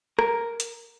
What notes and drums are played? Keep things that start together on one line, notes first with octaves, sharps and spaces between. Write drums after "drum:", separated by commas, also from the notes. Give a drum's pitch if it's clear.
A#4, drum: rim click
drum: hi-hat